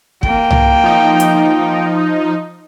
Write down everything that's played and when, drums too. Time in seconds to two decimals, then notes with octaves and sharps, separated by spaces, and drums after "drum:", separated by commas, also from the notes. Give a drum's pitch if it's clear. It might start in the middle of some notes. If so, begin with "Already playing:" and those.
0.23 A#3 G5, drum: kick
0.51 drum: tom C2
0.84 F3 D#4
1.20 drum: hi-hat